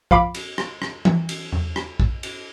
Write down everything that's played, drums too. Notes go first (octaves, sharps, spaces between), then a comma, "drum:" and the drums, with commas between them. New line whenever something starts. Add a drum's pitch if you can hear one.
F3 F5 B5 D6, drum: kick
drum: cymbal
drum: rim click
drum: rim click
drum: tom
drum: cymbal
drum: tom E2
drum: rim click
drum: kick
drum: cymbal